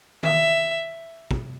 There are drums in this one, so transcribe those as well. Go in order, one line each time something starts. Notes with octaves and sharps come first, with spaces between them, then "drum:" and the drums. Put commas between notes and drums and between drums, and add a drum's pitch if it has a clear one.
E5, drum: tom D#3
drum: kick